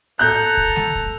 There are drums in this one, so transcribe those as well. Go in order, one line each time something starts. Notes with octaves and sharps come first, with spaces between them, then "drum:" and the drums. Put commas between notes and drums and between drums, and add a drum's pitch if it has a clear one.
A4 A#5 F#6 G6
drum: kick
drum: snare G#3
drum: kick